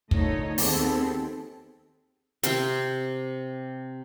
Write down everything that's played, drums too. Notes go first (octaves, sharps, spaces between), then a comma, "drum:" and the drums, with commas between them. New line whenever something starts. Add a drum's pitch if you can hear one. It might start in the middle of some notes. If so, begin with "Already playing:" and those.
A#2 D3 A3 D#4 C#5 D#5, drum: kick
D#2 D#3 B3 C4 G#4 A4, drum: open hi-hat
C3 C4, drum: hi-hat